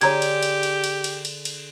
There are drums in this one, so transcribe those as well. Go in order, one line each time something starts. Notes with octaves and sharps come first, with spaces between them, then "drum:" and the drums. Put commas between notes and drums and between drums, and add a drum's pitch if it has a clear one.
D3 G4 G#4 C#5 A#5 G#6, drum: cymbal
drum: cymbal
drum: cymbal
drum: cymbal
drum: cymbal
drum: cymbal
drum: cymbal
drum: cymbal